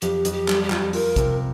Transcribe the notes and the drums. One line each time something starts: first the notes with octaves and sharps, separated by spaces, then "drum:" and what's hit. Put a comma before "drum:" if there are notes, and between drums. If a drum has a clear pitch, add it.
F2 G4, drum: hi-hat
F2, drum: hi-hat
G4
G3, drum: clap
G4
F2 F4, drum: clap
G4
F4 A#4, drum: open hi-hat
C3, drum: kick, hi-hat